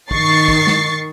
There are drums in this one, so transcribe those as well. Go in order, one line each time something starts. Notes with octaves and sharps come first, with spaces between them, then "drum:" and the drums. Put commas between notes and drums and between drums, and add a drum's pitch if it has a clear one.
D#3 C#6 A6 C7, drum: kick
drum: kick
drum: snare